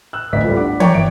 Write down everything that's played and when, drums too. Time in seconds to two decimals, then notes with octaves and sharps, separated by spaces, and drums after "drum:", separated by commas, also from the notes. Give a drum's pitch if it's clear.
0.13 E6 F#6
0.32 A1 D2 D5 D#5 B6
0.44 G3 A3 B3 F4
0.57 D4 F#5 D6
0.80 C#5 D5 G5 A#5 C#6 D6, drum: tom E3
0.94 G1 D5 E5 D7